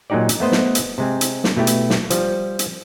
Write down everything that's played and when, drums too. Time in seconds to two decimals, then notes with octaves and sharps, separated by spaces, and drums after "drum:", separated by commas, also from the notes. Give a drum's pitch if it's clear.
0.10 A#2 F#3 G#3 D#4 G4 D5
0.29 drum: hi-hat
0.40 A3 B3 C5 D#5
0.52 drum: snare
0.75 drum: hi-hat
0.98 C3 G#3 C4
1.21 drum: hi-hat
1.44 drum: snare
1.57 B2 A3 E4 G4
1.67 drum: hi-hat
1.90 drum: snare
2.10 F3 G3, drum: hi-hat
2.59 drum: hi-hat